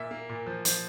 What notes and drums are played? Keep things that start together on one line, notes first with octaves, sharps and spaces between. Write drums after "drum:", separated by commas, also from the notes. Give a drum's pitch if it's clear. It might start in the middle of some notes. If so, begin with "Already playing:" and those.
Already playing: A#2 E5
A#3
A#2
F3
F3, drum: hi-hat